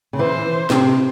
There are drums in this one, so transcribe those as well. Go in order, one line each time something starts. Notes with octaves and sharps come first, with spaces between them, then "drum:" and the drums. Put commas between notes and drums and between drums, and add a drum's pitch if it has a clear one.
C#3
E3 C5
C3, drum: snare